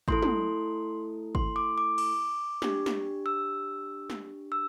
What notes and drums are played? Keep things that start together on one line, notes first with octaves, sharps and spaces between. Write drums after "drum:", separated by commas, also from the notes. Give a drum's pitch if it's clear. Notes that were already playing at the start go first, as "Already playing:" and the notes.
A3 E4 A4 C6, drum: kick G#1
drum: tom
C6, drum: kick G#1
D6
D6
D6, drum: cymbal
D4 G4, drum: snare
drum: snare
E6
drum: snare
E6